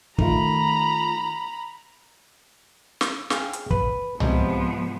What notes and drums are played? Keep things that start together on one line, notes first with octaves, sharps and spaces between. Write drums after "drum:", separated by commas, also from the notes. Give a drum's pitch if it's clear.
D#3 A3 F4 A#5 B5, drum: kick
drum: snare
G#4 F5 G5, drum: snare
drum: hi-hat
B4, drum: kick
G#2 C3 F3 B3 D5 D#5, drum: tom C2